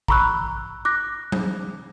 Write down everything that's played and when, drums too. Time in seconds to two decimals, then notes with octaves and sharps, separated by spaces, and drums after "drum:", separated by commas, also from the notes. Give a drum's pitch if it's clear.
0.08 A#5 B5 C#6 E6 F#6, drum: kick A#1
0.85 D6 F#6 A#6
1.32 drum: tom F#3